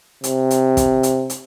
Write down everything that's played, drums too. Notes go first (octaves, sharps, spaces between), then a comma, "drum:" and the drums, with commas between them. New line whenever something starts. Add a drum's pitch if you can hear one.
C3, drum: hi-hat
drum: hi-hat
drum: kick, hi-hat
drum: hi-hat
drum: hi-hat